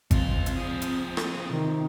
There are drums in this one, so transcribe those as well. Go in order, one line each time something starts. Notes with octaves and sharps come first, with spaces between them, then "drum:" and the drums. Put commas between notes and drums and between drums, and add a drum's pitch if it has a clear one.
C#2 C4 F4, drum: kick G#1, hi-hat
drum: hi-hat
F3 G#4
drum: hi-hat
drum: rim click
C3 D#3